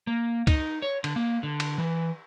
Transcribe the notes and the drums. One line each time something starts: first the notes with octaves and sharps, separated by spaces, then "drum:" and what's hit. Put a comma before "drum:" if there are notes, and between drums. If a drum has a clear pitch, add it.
A#3
D#4, drum: kick C#2, cymbal
C#5
D3, drum: cymbal
A#3
D3
drum: cymbal
E3